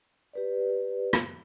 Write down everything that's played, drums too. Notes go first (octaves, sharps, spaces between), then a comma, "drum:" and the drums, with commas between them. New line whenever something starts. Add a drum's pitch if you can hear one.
G4 B4 D5
drum: rim click